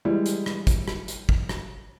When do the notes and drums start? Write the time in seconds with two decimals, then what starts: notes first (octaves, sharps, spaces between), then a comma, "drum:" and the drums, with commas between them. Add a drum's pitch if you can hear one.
0.05 E3 G3 G#3 E4
0.26 drum: hi-hat
0.46 drum: rim click
0.67 drum: kick, hi-hat
0.88 drum: rim click
1.08 drum: hi-hat
1.29 drum: kick
1.49 drum: rim click